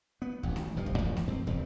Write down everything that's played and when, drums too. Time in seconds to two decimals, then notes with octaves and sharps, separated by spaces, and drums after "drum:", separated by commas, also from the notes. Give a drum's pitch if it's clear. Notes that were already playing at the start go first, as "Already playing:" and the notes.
0.22 B3
0.43 A1 D2, drum: kick
0.56 drum: snare A3
0.76 F1 G2 F3
0.86 drum: kick
0.99 A1 F#2 A2 F3, drum: kick
1.17 drum: snare A3
1.27 G2 C4
1.47 E2 G2 C3, drum: kick